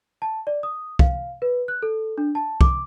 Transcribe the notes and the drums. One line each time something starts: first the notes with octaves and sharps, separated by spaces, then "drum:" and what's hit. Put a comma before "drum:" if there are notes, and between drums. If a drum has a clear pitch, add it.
A5
D5
D#6
F5, drum: kick
B4
F#6
A4
D4
A5
D6, drum: kick